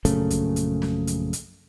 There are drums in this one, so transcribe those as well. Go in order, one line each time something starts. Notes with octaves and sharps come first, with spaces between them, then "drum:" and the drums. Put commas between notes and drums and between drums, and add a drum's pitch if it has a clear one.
A#1 F#2 C#3 A3, drum: hi-hat
drum: kick, hi-hat
drum: hi-hat
drum: snare
drum: hi-hat
drum: hi-hat